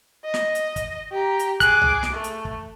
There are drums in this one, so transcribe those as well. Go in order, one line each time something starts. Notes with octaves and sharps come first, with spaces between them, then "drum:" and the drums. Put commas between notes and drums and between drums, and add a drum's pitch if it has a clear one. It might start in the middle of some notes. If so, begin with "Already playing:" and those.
D#5
drum: snare
drum: hi-hat
drum: kick, hi-hat
G4 A#5
drum: hi-hat
G#4 D6 F#6, drum: kick, hi-hat
drum: tom C2
drum: snare
A3
drum: hi-hat
drum: kick